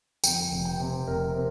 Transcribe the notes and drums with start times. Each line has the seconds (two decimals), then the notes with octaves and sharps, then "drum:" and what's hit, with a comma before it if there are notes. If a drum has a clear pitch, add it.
0.24 F2 G5, drum: tambourine
0.52 F1
0.65 G5
0.80 C3
1.08 F1 A#4
1.35 C3